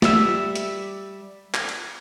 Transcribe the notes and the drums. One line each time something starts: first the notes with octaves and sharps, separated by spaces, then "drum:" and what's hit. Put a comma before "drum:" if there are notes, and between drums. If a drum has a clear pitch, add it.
G3 E5, drum: snare
drum: hi-hat
drum: clap
drum: cymbal